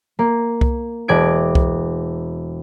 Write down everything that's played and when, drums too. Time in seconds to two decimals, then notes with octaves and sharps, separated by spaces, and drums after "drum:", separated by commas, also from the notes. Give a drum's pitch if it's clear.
0.19 A#3
0.61 drum: kick C2
1.08 E1 D5 G#6 D7
1.55 drum: kick C2